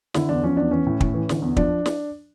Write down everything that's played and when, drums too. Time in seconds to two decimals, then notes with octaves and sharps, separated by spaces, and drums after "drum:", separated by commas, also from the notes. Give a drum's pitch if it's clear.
0.14 D3 E4, drum: snare
0.29 E2 D4
0.43 F3 C#4
0.57 E2 D4
0.71 E3 C#4
0.87 A2
1.00 A2, drum: kick
1.14 E3
1.29 D3, drum: snare
1.42 E2
1.57 F3 D4, drum: kick
1.86 drum: snare